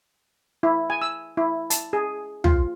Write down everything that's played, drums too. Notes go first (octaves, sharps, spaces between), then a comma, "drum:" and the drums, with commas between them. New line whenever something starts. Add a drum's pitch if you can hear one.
E4
G#5
E6
E4
A5, drum: hi-hat
G#4
F4, drum: tom